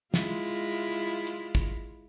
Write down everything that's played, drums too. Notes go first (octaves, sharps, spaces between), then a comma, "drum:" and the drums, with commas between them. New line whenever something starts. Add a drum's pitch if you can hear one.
G#3 E4 F4, drum: snare
drum: hi-hat
drum: kick